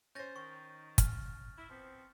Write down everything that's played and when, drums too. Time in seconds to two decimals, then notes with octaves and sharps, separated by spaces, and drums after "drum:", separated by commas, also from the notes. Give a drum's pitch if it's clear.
0.15 C#4 C5 G6 A6 A#6
0.36 D#3 C#6
0.98 F6, drum: kick, hi-hat
1.58 E4
1.70 F3 B3 C4